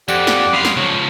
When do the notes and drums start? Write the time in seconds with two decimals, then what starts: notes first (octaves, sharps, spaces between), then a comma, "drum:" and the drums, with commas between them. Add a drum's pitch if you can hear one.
0.08 F2 G4 D5 F#5, drum: tambourine
0.27 drum: snare
0.53 F#2 F5 B5 C6 D#6
0.65 drum: snare
0.77 C#2 F3 C#5